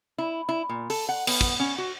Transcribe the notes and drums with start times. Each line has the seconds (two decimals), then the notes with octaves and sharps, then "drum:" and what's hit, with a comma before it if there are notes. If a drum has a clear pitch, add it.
0.18 E4
0.49 E4
0.69 A#2
0.90 A4, drum: open hi-hat
1.09 F#5
1.27 B3, drum: cymbal
1.41 drum: kick
1.60 C#4
1.78 F#4